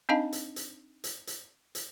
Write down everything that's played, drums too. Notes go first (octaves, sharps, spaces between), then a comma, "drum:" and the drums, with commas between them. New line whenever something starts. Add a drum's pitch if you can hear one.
C4 D4 D#4 D#5 F5 A5
drum: hi-hat
drum: hi-hat
drum: hi-hat
drum: hi-hat
drum: hi-hat